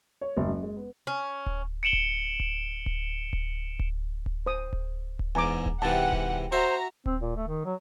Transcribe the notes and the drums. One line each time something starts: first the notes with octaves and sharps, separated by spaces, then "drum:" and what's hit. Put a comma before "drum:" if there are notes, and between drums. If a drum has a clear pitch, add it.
C#5
F#1
F#2
G#3
B3
C#4
drum: kick D1
C#7 D7 E7 F#7 G7
drum: kick D1
drum: kick D1
drum: kick D1
drum: kick D1
drum: kick D1
drum: kick D1
C5 D#6
drum: kick D1
drum: kick D1
E2 G#2 G#5 A#5 D6
drum: kick D1
G#2 C3 E3 G4 F#5 A5
drum: kick D1
F#4 C5 E5 A#5
C4, drum: kick D1
A#2
A3
D#3
F#3